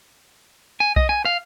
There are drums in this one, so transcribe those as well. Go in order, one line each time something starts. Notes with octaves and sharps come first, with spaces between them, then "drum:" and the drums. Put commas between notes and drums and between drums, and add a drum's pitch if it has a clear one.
G#5
D#5, drum: kick B1
G#5
F5